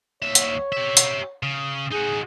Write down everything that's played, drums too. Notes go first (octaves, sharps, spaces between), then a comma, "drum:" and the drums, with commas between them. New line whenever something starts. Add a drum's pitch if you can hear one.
D#2 C#5 E5
drum: hi-hat
G4 E5
drum: hi-hat
C#3
D#4 F#4 G#4